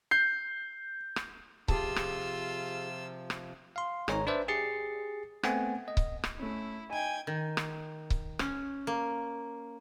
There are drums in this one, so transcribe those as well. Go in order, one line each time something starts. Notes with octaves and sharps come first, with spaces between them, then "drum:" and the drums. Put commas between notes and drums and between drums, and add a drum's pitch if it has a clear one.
G6 C7
drum: rim click
C3 F3 F4 G4 G#4 A5 E6, drum: kick C#1
drum: rim click
drum: rim click
F5 C6
G#1 G#2 C#5 A#5, drum: rim click
D4 B4 C5 D5 E5
G4 G#4 A6 C7 C#7
A3 B3 C4 F#5 G#5, drum: rim click
D#5
drum: kick C#1
drum: rim click
A3 C#4 E4
D#4 G5 G#5 G#6
D#3
drum: rim click
drum: kick C#1
C#4, drum: rim click
A#3